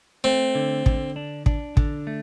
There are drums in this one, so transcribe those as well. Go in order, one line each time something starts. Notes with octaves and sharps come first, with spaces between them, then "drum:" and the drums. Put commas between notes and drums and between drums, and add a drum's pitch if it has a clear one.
A3 C4
D3
D3, drum: kick
D4
D4, drum: kick
D3, drum: kick
A3